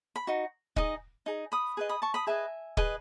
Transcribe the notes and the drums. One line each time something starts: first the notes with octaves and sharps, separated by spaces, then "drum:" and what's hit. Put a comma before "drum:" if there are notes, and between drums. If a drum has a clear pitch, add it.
B5
D#4 F#4
D#4 G#4 D#5, drum: kick
D#4 G#4
B5 D#6
G#4 B4 D#5
B5 D#6
A5 C#6
B5 D#6
G#4 B4 D#5 E5 G#5
G#4 B4 D#5, drum: kick